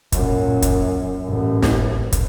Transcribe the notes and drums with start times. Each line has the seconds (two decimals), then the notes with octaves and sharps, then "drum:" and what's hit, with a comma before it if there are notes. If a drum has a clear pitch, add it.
0.12 F#2 A#2, drum: kick, hi-hat
0.62 drum: kick, hi-hat
1.27 A1 F#2
1.63 drum: snare
2.13 drum: kick, hi-hat